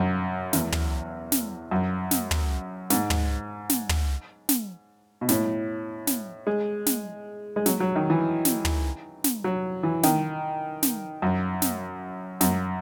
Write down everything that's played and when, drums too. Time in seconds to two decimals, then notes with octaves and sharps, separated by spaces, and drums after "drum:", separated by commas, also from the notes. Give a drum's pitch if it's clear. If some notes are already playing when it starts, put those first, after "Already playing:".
Already playing: F#2
0.53 E2, drum: snare
0.72 drum: tom
1.32 drum: snare
1.71 F#2
2.11 drum: snare
2.31 drum: tom
2.90 G#2, drum: snare
3.10 drum: tom
3.69 drum: snare
3.89 drum: tom
4.49 drum: snare
5.21 B2
5.29 A2, drum: snare
6.07 drum: snare
6.47 G#3
6.86 drum: snare
7.56 G#3
7.66 F#3, drum: snare
7.80 F#3
7.95 D#3
8.10 E3
8.45 drum: snare
8.65 drum: tom
9.24 drum: snare
9.44 F#3
9.83 E3
10.03 D#3, drum: snare
10.83 drum: snare
11.22 F#2
11.62 drum: snare
12.41 F#2, drum: snare